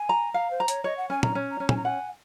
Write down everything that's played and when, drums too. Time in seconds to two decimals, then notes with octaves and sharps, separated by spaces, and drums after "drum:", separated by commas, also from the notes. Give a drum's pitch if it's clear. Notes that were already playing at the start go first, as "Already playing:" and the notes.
Already playing: G#5
0.09 A#5
0.34 F5 A#5
0.51 C5
0.60 A#5
0.68 C#5, drum: hi-hat
0.84 C#5 D#5
0.97 F#5
1.10 C#4 G#5
1.23 A#5, drum: tom
1.35 C#4
1.51 A#5
1.60 C#4
1.69 G#5, drum: tom
1.77 A#5
1.85 F#5 G#5